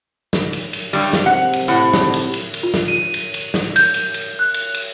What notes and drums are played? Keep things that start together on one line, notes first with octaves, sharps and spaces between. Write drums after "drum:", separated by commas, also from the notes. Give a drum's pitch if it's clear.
drum: snare
drum: cymbal
drum: cymbal
G2 G3, drum: cymbal
drum: snare
C3 F#5
drum: cymbal
A2 F#5
drum: snare
drum: cymbal
drum: cymbal
drum: cymbal
F4
drum: snare
D#7
drum: cymbal
drum: cymbal
drum: snare
G6, drum: cymbal
drum: cymbal
drum: cymbal
F#6
drum: cymbal
drum: cymbal